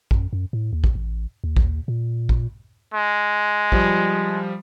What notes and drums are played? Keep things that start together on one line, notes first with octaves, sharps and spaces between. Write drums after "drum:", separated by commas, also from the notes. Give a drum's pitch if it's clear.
F#2, drum: kick
F#2
A2
D#2
drum: kick
A1
D#2
drum: kick
A#2
drum: kick
G#3
F3 G3, drum: kick